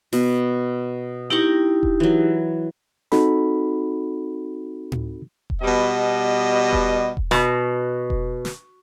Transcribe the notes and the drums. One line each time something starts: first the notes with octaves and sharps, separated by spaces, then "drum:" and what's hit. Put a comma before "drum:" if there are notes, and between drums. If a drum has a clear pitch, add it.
B2, drum: open hi-hat
D#4 E4 G4 G5 A#5 C#6
drum: kick E1
E3 F#3
C4 D#4 F#4 A4 B5, drum: snare
drum: tom A2
drum: kick E1
B2 G3 D#5
drum: kick E1
drum: kick E1
B2, drum: snare
drum: kick E1
drum: snare